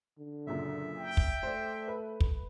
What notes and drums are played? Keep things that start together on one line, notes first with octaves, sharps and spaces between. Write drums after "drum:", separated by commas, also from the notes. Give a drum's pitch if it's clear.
D3
F#2 A#2 C#3 E5
G5
drum: kick
A3 C5 D5
B4
drum: kick